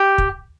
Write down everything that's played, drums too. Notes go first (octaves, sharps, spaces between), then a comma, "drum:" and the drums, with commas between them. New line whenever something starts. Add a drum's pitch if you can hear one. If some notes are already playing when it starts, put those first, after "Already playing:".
Already playing: G4 G5
drum: kick